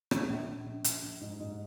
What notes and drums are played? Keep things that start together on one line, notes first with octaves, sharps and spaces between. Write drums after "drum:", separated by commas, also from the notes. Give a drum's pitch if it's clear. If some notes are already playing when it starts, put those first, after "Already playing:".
A#1, drum: rim click
A#1
A#1
A#1
A#1, drum: hi-hat
A#1
G#2
G#2